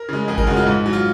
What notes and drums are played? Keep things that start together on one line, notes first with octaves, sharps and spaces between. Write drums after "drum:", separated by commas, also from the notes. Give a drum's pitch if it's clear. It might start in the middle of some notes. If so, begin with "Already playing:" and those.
Already playing: A#4
C#3 G#3
F2 G#4
A#4, drum: kick G#1
C#3 G#3 F#4
F4
G#2
F#3
F4